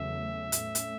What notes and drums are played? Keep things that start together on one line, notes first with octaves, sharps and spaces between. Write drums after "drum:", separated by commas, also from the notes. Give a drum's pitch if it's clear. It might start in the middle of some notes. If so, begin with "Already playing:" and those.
Already playing: E2 C#3 F#3 A3 C#4 E5
A2 A3 C#4, drum: hi-hat
drum: hi-hat